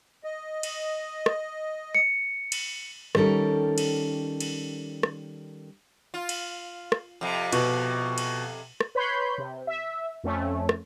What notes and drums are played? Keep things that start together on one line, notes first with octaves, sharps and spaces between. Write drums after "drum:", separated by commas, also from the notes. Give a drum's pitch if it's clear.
D#5
drum: cymbal
drum: rim click
C#7
drum: cymbal
D#3 G3 C#4 A4 A#4, drum: rim click
drum: cymbal
drum: cymbal
drum: rim click
F4
drum: cymbal
drum: rim click
F2 C3
B2, drum: cymbal
drum: cymbal
drum: rim click
B4 C#5 B5 C6 G6
C3
E5
F2 A3 C#4
drum: rim click